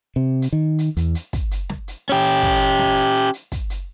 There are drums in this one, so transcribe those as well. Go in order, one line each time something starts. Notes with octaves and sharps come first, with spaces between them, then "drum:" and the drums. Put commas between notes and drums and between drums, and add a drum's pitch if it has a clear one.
C3
drum: hi-hat
D#3
drum: hi-hat
E2, drum: hi-hat
drum: hi-hat
drum: kick, hi-hat
drum: hi-hat
drum: snare
drum: hi-hat
C#4 G4
drum: hi-hat
drum: kick, hi-hat
drum: hi-hat
drum: snare
drum: hi-hat
drum: hi-hat
drum: hi-hat
drum: kick, hi-hat
drum: hi-hat